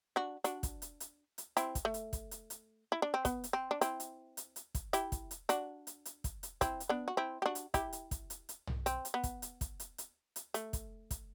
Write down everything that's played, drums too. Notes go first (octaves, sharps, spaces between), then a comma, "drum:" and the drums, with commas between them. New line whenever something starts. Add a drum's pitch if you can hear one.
D4 F#4
D4 F#4, drum: hi-hat
drum: kick, hi-hat
drum: hi-hat
drum: hi-hat
drum: hi-hat
C4 E4, drum: hi-hat
drum: kick, hi-hat
A3
drum: hi-hat
drum: kick, hi-hat
drum: hi-hat
drum: hi-hat
E4
D4
C4
B3, drum: kick, hi-hat
drum: hi-hat
C4
D4
C4 E4, drum: hi-hat
drum: hi-hat
drum: hi-hat
drum: hi-hat
drum: kick, hi-hat
E4 G4, drum: hi-hat
drum: kick, hi-hat
drum: hi-hat
D4 F#4, drum: hi-hat
drum: hi-hat
drum: hi-hat
drum: kick, hi-hat
drum: hi-hat
C4 E4, drum: kick, hi-hat
drum: hi-hat
B3 D4
F#4
C4 E4
G4
D4 F#4
drum: hi-hat
E4 G4, drum: kick, hi-hat
drum: hi-hat
drum: kick, hi-hat
drum: hi-hat
drum: hi-hat
drum: tom
C4, drum: hi-hat
drum: hi-hat
B3
drum: kick, hi-hat
drum: hi-hat
drum: kick, hi-hat
drum: hi-hat
drum: hi-hat
drum: hi-hat
A3, drum: hi-hat
drum: kick, hi-hat
drum: kick, hi-hat